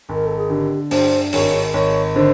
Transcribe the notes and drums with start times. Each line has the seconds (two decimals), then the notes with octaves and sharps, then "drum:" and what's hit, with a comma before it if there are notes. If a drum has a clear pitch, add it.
0.09 G#1 A#4
0.26 A4
0.38 G#4
0.50 D3 G4
0.91 G2 C5, drum: open hi-hat
1.33 G#1 C#5, drum: open hi-hat
1.74 G#1 C#5
2.15 D3 C5